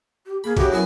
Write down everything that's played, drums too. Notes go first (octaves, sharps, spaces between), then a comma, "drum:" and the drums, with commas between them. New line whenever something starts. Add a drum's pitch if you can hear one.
G4
A#3 G#4 B5
A2 C#3 F#4 G4, drum: kick, cymbal
F#2 B3 E4 G#5